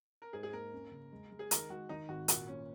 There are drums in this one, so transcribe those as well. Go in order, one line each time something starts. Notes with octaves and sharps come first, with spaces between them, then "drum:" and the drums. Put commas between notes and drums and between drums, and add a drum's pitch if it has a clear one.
A#4
G#2 G#4
G#4
A#3 A#4
C#4
C#3
G#3
G#3
G#4
D#3 A#4, drum: hi-hat
G#3 F#4
D#3 D#4
G#1 F#4
A#2 F#4, drum: hi-hat
A#3 C#4